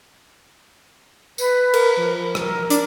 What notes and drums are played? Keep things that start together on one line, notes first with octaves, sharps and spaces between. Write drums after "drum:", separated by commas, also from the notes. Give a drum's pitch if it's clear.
B4, drum: tambourine
A#4, drum: cymbal
F3
A#4, drum: rim click
D4, drum: hi-hat